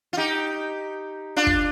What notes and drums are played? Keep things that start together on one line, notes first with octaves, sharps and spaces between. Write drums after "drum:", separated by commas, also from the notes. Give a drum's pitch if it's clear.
F4
D#4 G4
D4 F4
drum: kick